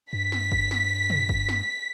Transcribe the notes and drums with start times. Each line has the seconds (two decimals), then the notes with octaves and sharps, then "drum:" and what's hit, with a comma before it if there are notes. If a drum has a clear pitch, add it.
0.13 G2 B6
0.32 drum: snare
0.52 drum: kick
0.71 drum: snare
1.10 drum: tom
1.29 drum: kick
1.49 drum: snare